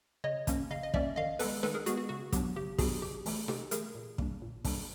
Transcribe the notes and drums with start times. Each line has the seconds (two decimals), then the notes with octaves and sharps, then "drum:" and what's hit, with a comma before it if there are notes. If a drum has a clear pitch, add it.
0.24 C#3 C#5 D#5
0.47 F3 A#3 C#4, drum: kick, hi-hat
0.71 C#3 D#5 F5
0.83 D#5
0.94 F3 A#3 C#4 D5 E5, drum: kick
1.16 D#3 D#5 F5
1.39 G#3 B3 A4 B4, drum: open hi-hat
1.63 D#3 A4 B4, drum: snare
1.74 G#4 A#4
1.86 G#3 B3 F#4 G#4, drum: hi-hat
1.97 F#4
2.09 C#3 F#4
2.32 F#3 B3 D4 G4, drum: kick, hi-hat
2.56 C#3 G4
2.78 F#3 B3 D4 F#4 G#4, drum: kick, open hi-hat
3.02 C3 G4
3.26 E3 A3, drum: open hi-hat
3.48 C3 G4 A4, drum: snare
3.71 E3 A3 G#4 A#4, drum: hi-hat
3.95 A#2
4.18 G3 A#3 D4, drum: kick
4.42 A#2
4.65 G3 A#3 D4, drum: kick, open hi-hat